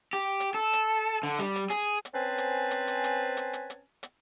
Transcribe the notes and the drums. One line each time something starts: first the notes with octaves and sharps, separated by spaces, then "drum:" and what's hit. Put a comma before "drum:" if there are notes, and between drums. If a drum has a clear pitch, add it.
G4
drum: hi-hat
A4
drum: hi-hat
D3
G3, drum: hi-hat
drum: hi-hat
G#4, drum: hi-hat
drum: hi-hat
C4 C#4 B4 C5 G#5 A5
drum: hi-hat
drum: hi-hat
drum: hi-hat
drum: hi-hat
drum: hi-hat
drum: hi-hat
drum: hi-hat
drum: hi-hat